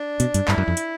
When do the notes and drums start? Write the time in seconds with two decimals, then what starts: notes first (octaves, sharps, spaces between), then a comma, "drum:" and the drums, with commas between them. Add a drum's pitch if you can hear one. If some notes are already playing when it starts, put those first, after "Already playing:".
Already playing: D4
0.20 B2, drum: hi-hat
0.34 G2, drum: hi-hat
0.48 G2 E4, drum: clap
0.58 F#2
0.68 F2
0.77 drum: hi-hat